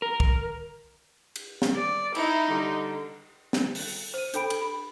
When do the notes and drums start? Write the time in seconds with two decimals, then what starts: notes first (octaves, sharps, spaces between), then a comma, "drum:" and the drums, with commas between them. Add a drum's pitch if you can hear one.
0.02 A#4
0.20 drum: kick
1.36 drum: cymbal
1.62 drum: snare
1.76 D5
2.15 D#4 E4, drum: cymbal
2.48 D3 G3
3.53 drum: snare
3.75 drum: open hi-hat
4.14 C5 D#7
4.34 D4 A4 G5 B5 D7, drum: hi-hat
4.50 drum: cymbal
4.62 B5